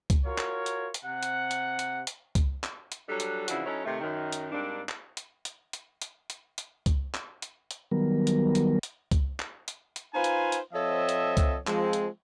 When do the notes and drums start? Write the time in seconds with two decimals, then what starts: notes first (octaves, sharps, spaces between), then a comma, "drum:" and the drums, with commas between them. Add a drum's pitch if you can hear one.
0.10 drum: kick C#2, hi-hat
0.25 F4 F#4 A#4 C#5
0.38 drum: clap
0.66 drum: hi-hat
0.94 drum: hi-hat
1.05 C3 F#5
1.23 drum: hi-hat
1.51 drum: hi-hat
1.79 drum: hi-hat
2.07 drum: hi-hat
2.35 drum: kick C#2, hi-hat
2.63 drum: clap
2.92 drum: hi-hat
3.09 F#3 G3 D4 A4
3.20 drum: hi-hat
3.48 C#3 E3 F3 D4 E4 F#4, drum: hi-hat
3.66 F#3 C#4 D#4 E4 A4 C#5
3.85 C3 D#3 A3
4.01 F#2 D#3
4.32 drum: hi-hat
4.52 G#2 G3 A#3 C4 D4
4.89 drum: clap
5.17 drum: hi-hat
5.45 drum: hi-hat
5.73 drum: hi-hat
6.02 drum: hi-hat
6.30 drum: hi-hat
6.58 drum: hi-hat
6.86 drum: kick C#2, hi-hat
7.14 drum: clap
7.42 drum: hi-hat
7.71 drum: hi-hat
7.91 D#3 F#3 G3 B3 A#4
8.27 drum: hi-hat
8.55 drum: hi-hat
8.83 drum: hi-hat
9.11 drum: kick C#2, hi-hat
9.40 drum: clap
9.68 drum: hi-hat
9.96 drum: hi-hat
10.14 D#4 F4 B4 C5 F5 G#5
10.24 drum: hi-hat
10.52 drum: hi-hat
10.73 F3 C4 A4 C#5 D#5 E5
11.09 drum: hi-hat
11.37 drum: kick C#2, hi-hat
11.67 F3 G#3 C4, drum: clap
11.93 drum: hi-hat